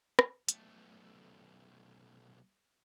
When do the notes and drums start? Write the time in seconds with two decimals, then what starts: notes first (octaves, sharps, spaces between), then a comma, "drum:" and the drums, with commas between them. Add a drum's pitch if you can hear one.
0.19 drum: rim click
0.48 B1 A3, drum: hi-hat